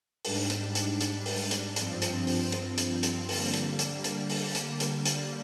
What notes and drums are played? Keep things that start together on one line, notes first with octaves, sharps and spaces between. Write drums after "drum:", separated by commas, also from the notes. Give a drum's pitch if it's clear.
G#2 G3 D4, drum: open hi-hat
drum: hi-hat
drum: hi-hat
drum: hi-hat
drum: open hi-hat
drum: hi-hat
G2 F3 C4, drum: hi-hat
drum: hi-hat
drum: open hi-hat
drum: hi-hat
drum: hi-hat
drum: hi-hat
D3 G3 A#3, drum: open hi-hat
drum: hi-hat
drum: hi-hat
drum: hi-hat
drum: open hi-hat
drum: hi-hat
drum: hi-hat
drum: hi-hat